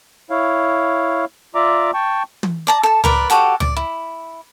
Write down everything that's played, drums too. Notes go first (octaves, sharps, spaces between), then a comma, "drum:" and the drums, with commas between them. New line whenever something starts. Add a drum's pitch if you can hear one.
E4 C#5 F5
F4 D5 E5 A#5 D6
G5 A5 C#6
drum: tom
D5 A5 A#5
A4 A5
A#4 B4 D5, drum: tom C#2
F#4 G4 A4 F#5, drum: hi-hat
D5, drum: tom C#2
E4